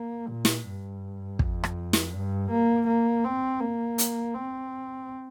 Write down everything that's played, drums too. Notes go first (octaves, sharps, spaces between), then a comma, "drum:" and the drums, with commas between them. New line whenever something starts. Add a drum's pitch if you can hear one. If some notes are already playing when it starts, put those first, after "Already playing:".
Already playing: A#3
A#2
drum: snare
G2
F2, drum: kick
drum: rim click
drum: snare
G2
A#3
A#3
C4
A#3
drum: hi-hat
C4